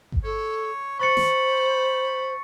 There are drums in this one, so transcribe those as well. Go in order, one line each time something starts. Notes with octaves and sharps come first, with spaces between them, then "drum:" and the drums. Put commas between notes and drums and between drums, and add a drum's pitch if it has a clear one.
drum: kick G1
A4 C#5
C5 B5 C#6 A6 C#7
drum: snare